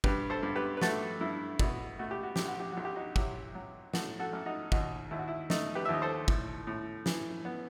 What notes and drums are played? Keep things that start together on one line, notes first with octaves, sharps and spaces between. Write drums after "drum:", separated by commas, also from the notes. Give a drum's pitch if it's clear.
G2 G4 B4, drum: kick
A4 C5
G2
G4 B4
B4
A3 F#4 A4, drum: snare
G2 E4
B2 E4, drum: kick
A3 F#4
G4
F#4
B1 G4, drum: snare
F#4
G4
B1 F#4
G4
D#4 F#4
F#3 E4 G4, drum: kick
F#3
A2 F#4 A4, drum: snare
F#4 A4
A1
D#4 F#4
D#2 D#4 F#4, drum: kick
D#2 E4
F#4
E4
A3 D#4, drum: snare
G4 B4
E5
D#2 D#5
A4 C5
A2, drum: kick
A2
E3, drum: snare
B3